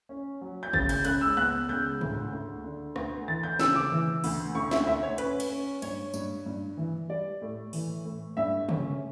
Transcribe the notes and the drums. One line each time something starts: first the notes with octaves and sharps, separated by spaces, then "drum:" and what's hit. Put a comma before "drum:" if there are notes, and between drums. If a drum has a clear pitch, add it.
C#4
F#3
G6
C#3 A6, drum: kick
G6, drum: cymbal
C#2 F#6, drum: cymbal
E6
B3 F#6
C#2 G6
D2, drum: tom G#2
D2
D3
D2, drum: rim click
E3 A6
G6
C#3 E6, drum: snare
D6
E3
D2, drum: open hi-hat
D2 C#6
E5, drum: snare
D2 E5
C#5
C#4 B4, drum: hi-hat
drum: cymbal
C#4
G2 C#5, drum: cymbal
G2, drum: tambourine
G2
E3
G3 D5
A2
E3, drum: open hi-hat
A2
G2 E5
C#4, drum: tom C3